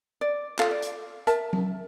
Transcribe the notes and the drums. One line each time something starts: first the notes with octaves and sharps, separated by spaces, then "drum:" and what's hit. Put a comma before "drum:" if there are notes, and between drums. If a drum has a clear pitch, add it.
D5
F4 A4 F5, drum: clap
D5
drum: hi-hat
A#4 E5 A5, drum: hi-hat
drum: tom F#3